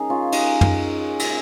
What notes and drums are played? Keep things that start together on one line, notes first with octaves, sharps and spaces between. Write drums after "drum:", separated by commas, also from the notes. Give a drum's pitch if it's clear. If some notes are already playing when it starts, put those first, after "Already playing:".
Already playing: C#3 G#3 D#4 G#4 A#4
C#4 F4
D#4, drum: cymbal
drum: tom
A#2 G#3, drum: cymbal